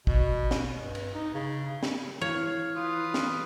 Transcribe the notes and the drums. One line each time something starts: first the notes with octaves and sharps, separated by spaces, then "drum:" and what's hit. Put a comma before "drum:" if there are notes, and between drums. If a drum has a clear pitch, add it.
B2, drum: kick
drum: snare
G2
drum: cymbal
D#4
C#3
drum: snare
E3 C#5 F5
F4 B4 D#6
drum: snare